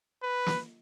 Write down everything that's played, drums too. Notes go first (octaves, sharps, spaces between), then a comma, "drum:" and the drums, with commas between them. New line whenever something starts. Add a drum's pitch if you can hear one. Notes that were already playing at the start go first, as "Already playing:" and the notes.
B4
drum: snare